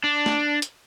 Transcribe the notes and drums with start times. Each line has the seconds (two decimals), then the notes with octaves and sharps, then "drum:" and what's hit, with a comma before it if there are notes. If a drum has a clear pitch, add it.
0.04 D4
0.26 drum: snare
0.62 drum: hi-hat